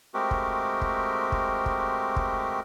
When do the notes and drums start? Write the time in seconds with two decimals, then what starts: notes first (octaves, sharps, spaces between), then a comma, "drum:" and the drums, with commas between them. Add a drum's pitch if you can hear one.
0.14 G#3 A3 C4 F#4 G4 A#4
0.31 drum: kick
0.81 drum: kick
1.32 drum: kick
1.66 drum: kick
2.16 drum: kick